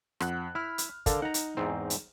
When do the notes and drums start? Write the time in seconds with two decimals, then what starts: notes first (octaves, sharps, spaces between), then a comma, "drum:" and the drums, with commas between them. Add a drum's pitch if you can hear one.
0.20 F2 F#5 F#6, drum: rim click
0.55 E4 B5 F6
0.78 drum: hi-hat
1.06 D3 A4 A#4 F5, drum: kick, hi-hat
1.22 D#4 F#5 A#5
1.34 drum: hi-hat
1.57 E2 G#2 C4
1.90 drum: hi-hat